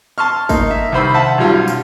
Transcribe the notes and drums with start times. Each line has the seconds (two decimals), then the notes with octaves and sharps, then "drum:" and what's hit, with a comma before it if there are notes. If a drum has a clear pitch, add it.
0.18 A5 C6 C#6 F6
0.49 A#3 D#4, drum: kick, tambourine
0.71 E5
0.92 C2 D#3 C5 B5 E6
1.14 E5 F#5 A5
1.38 B1 F#2 G3 F4
1.68 drum: tambourine